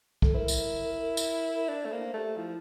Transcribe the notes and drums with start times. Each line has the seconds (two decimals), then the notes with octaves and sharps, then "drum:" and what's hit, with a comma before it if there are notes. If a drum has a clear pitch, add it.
0.22 A4, drum: kick
0.34 E4 A#4 C5
0.48 drum: tambourine
1.02 A#4
1.17 drum: tambourine
1.68 D4 D5
1.86 A3
1.91 A#3 C5
2.14 A3 G4 A4
2.36 F3 E4